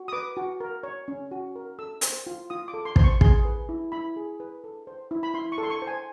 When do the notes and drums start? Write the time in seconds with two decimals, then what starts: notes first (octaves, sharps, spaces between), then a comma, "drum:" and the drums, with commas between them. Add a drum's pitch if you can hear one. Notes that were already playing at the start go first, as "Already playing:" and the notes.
Already playing: F#4
0.08 D#6
0.13 B4 D6
0.37 F#4
0.60 A#4
0.83 C#5
1.08 C#4
1.31 F#4
1.56 A#4
1.79 A4 E6
2.01 C5 E6, drum: hi-hat
2.27 F4
2.50 F4 D#6
2.68 D6
2.74 A4
2.85 C6
2.96 C5 C6, drum: kick
3.04 C#6
3.21 G#4 C6, drum: kick
3.45 B4
3.69 E4
3.92 E4 B5
4.16 G#4
4.40 B4
4.64 A4
4.87 C5
5.11 E4
5.23 B5
5.34 E4 C6
5.52 C#6
5.58 A4
5.63 C6
5.70 C#6
5.82 C5
5.87 G#5